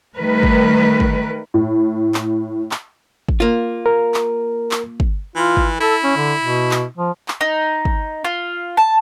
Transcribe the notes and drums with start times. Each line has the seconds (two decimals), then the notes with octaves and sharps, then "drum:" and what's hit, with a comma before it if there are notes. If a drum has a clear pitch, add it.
0.17 D#3 G3 A3 A#4 B4
0.43 drum: kick
1.00 drum: kick
1.54 A2
2.14 drum: clap
2.71 drum: clap
3.29 drum: kick
3.40 A#3 F4
3.86 A#4
4.14 drum: clap
4.71 drum: clap
5.00 drum: kick
5.36 E3 F4
5.57 drum: kick
5.81 E4 A4
6.04 C#4
6.17 D3
6.41 B2
6.71 drum: clap
6.98 F3
7.28 drum: clap
7.41 D#4
7.85 drum: kick
8.24 F4
8.77 A5